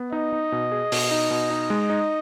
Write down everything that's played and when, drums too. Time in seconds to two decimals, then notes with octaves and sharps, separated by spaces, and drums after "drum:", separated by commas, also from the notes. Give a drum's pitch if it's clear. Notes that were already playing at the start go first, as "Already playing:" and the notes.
Already playing: B3
0.12 D#4 D#5
0.32 D#4
0.52 B2
0.72 G#4
0.92 B2, drum: open hi-hat
1.11 D#4
1.31 B2
1.50 D#4
1.70 G#3
1.90 D#4